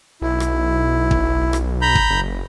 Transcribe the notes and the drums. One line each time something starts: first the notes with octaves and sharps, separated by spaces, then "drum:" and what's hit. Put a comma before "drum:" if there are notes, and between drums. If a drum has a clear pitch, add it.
B1 E4
drum: rim click
drum: kick
drum: rim click
A#5 B5 G6
drum: kick
F#1